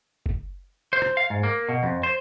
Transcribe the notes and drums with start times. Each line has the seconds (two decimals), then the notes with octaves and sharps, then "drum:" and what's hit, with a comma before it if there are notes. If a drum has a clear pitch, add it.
0.26 drum: kick
0.93 C5
1.02 drum: rim click
1.17 F5
1.30 G#2
1.43 A#3
1.69 B2
1.83 F2
2.03 C5